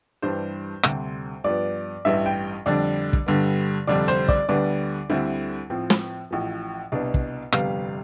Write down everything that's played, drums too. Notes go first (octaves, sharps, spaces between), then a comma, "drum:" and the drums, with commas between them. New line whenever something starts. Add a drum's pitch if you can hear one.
G2 E3 G3 D4 C5
D2 C3 G3, drum: rim click
G2 F3 B3 D5
A1 G2 E3 G3 E5
G5
F2 D3 G3 D4 D5
drum: kick
G2 D3 G3 B3
F1 F2 D3 G3 D4 D5
C5, drum: hi-hat
D5, drum: kick
D2 D3 G3 B3 D4 D5
D2 D3 G3 C4 E4
A2 F3 C4
drum: snare
A1 A2 F3
C2 B2 B3 D4
drum: kick
G1 F2 C3 G3 B3 F5, drum: rim click